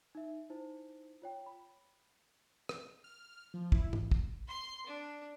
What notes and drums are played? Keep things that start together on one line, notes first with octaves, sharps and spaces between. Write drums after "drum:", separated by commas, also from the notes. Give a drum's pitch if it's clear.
D#4 E5
D#4 E4 C5
F4 C#5 G5
B5
drum: rim click
F6
F3
E4, drum: kick
drum: tom G#2
drum: kick
C6
D4